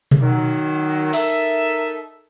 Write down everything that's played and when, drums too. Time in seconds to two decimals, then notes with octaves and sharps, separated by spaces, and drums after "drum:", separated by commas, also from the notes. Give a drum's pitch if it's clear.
0.11 drum: tom B2
0.21 D#3 F#3
1.13 D#4 A4 A#4 E5, drum: open hi-hat